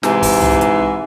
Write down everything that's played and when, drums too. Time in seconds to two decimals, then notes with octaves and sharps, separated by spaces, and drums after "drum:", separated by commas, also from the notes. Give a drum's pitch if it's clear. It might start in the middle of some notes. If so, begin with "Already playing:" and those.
0.03 G#2 C3 E3, drum: snare
0.22 drum: kick, open hi-hat
0.42 drum: tom
0.61 drum: hi-hat